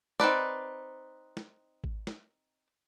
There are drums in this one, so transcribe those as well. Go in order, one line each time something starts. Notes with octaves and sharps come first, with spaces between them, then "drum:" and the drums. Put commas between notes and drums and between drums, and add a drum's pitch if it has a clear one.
C4 D#4 B4 D5, drum: snare
drum: snare
drum: kick G#1
drum: snare